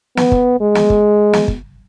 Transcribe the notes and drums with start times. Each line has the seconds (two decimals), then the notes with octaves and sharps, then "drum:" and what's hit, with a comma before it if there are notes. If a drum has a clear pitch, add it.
0.17 B3, drum: snare
0.32 drum: kick
0.61 G#3
0.75 drum: snare
0.90 drum: kick
1.33 drum: snare
1.48 drum: kick